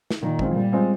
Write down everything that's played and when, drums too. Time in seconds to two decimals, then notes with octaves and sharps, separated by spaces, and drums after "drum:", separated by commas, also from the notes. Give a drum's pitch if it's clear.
0.11 drum: snare
0.22 A#2 D#3
0.39 G#3 C4 F4, drum: kick
0.55 A#2 G3
0.72 G#3 C4 F4